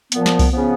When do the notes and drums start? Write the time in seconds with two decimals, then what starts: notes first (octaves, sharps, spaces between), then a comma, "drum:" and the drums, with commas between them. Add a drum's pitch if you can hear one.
0.12 A#2 F3 B3, drum: hi-hat
0.26 drum: snare
0.39 drum: kick C2, open hi-hat
0.52 C#3 F3 B3